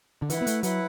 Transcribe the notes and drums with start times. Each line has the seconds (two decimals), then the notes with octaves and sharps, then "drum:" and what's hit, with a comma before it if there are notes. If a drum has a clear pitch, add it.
0.22 D3
0.30 E3 E4 B4 F#5, drum: hi-hat
0.42 B3
0.47 A3, drum: hi-hat
0.63 F#3 E4 B4 F#5, drum: hi-hat